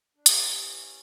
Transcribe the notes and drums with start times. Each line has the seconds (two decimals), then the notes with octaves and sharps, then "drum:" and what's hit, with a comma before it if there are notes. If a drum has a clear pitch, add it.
0.16 D4
0.26 C#4 E4 G4 B4 E5, drum: hi-hat